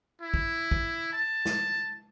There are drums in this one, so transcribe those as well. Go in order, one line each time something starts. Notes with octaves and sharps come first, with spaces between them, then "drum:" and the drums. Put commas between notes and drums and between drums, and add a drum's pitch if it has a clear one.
E4
drum: kick
drum: kick
A5
drum: snare